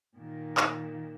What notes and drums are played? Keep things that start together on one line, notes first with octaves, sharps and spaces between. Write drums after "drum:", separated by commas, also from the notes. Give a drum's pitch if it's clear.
A#2 D#3
drum: clap